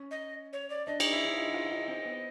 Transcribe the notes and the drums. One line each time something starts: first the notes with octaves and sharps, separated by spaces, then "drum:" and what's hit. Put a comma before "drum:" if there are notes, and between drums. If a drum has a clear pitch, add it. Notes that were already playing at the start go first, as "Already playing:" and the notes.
Already playing: C#4
D#5
C#5
D5
D4 D#5
D#4, drum: cymbal
E4
D#4
F4
F4
F4
C4
B3